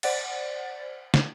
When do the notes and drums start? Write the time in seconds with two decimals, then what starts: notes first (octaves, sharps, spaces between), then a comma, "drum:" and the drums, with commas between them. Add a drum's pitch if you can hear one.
0.03 C5 D5 F#5 A6, drum: cymbal
1.14 drum: snare